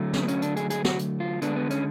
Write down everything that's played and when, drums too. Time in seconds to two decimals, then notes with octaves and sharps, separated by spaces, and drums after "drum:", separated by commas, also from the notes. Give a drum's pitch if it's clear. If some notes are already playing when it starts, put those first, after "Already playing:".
Already playing: D3 F#3 A3
0.13 C#4, drum: snare
0.23 B3
0.28 C#4, drum: hi-hat
0.42 D4, drum: hi-hat
0.56 G#4, drum: hi-hat
0.70 G#4, drum: hi-hat
0.85 F#4, drum: snare
0.99 drum: hi-hat
1.20 F4
1.42 D3 G#3 B3 D4, drum: hi-hat
1.56 B3
1.70 C#4, drum: hi-hat